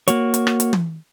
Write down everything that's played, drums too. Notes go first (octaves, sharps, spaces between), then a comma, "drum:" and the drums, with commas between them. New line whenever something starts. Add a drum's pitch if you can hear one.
A#3 F#4 C#5, drum: hi-hat
drum: hi-hat
drum: rim click
drum: hi-hat
drum: tom